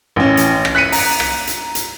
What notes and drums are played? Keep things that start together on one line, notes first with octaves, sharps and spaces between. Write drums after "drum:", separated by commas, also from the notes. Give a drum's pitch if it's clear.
A1 C#4
drum: hi-hat
drum: rim click
F#6 B6 C#7 D#7
A#5, drum: open hi-hat
drum: rim click
drum: hi-hat
drum: hi-hat